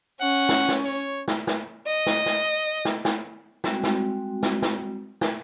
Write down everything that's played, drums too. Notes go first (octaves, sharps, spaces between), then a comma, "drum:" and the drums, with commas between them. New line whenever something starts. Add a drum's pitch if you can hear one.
C#4 F#5
drum: snare
drum: snare
C#5
drum: snare
drum: snare
D#5
drum: snare
drum: snare
drum: snare
drum: snare
G3 G#3 C4 F#4, drum: snare
drum: snare
drum: snare
drum: snare
drum: snare